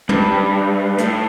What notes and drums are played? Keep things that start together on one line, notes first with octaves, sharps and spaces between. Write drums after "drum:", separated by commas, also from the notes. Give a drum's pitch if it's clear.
G2, drum: tom
A2, drum: hi-hat